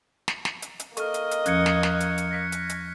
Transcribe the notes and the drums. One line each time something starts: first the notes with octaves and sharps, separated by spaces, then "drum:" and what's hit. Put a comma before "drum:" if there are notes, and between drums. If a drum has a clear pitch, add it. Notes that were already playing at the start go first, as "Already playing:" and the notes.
drum: snare
drum: snare
drum: hi-hat
drum: hi-hat
A#3 A4 D#5 C#6 F6, drum: hi-hat
drum: hi-hat
drum: hi-hat
E2 F3 C#4 F#6 G#6 C#7, drum: hi-hat
drum: snare
drum: snare
drum: hi-hat
drum: hi-hat
A#6 B6 C#7
drum: hi-hat
drum: hi-hat